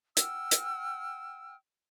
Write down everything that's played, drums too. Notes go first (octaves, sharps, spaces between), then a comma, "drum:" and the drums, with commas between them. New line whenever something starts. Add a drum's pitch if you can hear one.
F#5 G5 E6 F6, drum: hi-hat
drum: hi-hat